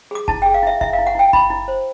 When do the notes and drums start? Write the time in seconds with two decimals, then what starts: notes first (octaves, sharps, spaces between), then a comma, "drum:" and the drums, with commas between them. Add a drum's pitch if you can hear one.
0.11 G#4 D6
0.28 E4 A5, drum: kick F#1
0.42 G#4 G5
0.54 F5
0.63 E4 E5
0.81 E4 E5, drum: kick F#1
0.93 F5
0.98 E4
1.07 F#5
1.15 E4 G5
1.33 E4 B5, drum: kick F#1
1.50 E4
1.68 C5